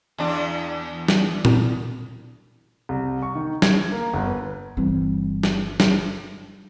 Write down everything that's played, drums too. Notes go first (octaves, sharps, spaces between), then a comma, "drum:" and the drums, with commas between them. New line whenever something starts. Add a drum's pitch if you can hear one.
E2 D4
drum: snare
drum: tom
C2
C#6
D#3
G#6, drum: snare
A#3
G1
B4
G1 E3 G3 C4
drum: snare
drum: snare